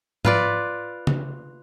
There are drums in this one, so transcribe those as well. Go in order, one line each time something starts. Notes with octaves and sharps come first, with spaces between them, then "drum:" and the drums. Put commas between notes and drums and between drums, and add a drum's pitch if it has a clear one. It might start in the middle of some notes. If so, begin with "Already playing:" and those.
F4 B4 D5, drum: tom G#2
drum: tom C#3